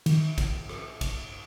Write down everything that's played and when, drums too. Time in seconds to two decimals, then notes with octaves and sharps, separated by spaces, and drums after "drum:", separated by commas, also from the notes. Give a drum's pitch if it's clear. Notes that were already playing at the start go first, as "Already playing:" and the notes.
0.06 D#3, drum: cymbal
0.38 drum: kick, cymbal
0.69 drum: rim click
1.01 drum: kick, cymbal